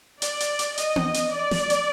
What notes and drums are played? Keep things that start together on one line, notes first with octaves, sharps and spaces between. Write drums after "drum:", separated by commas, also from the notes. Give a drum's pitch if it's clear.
D5, drum: hi-hat
drum: hi-hat
drum: hi-hat
D#5, drum: hi-hat
drum: tom B3
drum: hi-hat
D5
drum: snare
drum: hi-hat